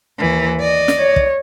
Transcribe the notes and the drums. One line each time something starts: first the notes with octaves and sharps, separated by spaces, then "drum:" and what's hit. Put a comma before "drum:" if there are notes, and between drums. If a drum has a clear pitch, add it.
D#2 E3
D5 D#5
drum: snare
C#5
drum: kick